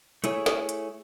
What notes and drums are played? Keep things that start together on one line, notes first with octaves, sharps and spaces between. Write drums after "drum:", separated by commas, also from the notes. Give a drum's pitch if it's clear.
A3 E4 G#4 C#5, drum: hi-hat
drum: snare
drum: hi-hat